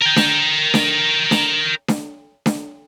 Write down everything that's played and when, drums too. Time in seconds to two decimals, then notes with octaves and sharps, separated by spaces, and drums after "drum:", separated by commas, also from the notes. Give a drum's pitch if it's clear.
0.02 A#4 G5
0.16 drum: snare D4
0.74 drum: snare D4
1.31 drum: snare D4
1.88 drum: snare D4
2.46 drum: snare D4